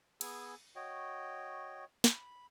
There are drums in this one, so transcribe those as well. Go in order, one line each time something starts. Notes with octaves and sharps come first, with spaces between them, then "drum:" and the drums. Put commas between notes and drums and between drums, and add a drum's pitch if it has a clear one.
B3 G#4 G#5 E6, drum: cymbal
F#4 C#5 D#5 G5
B5, drum: snare